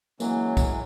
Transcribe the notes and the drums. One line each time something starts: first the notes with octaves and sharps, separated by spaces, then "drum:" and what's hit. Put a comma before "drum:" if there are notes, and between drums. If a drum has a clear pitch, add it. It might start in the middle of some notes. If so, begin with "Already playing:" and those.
E3 F#3 G#3 A#3 C#4, drum: tambourine
drum: kick, tambourine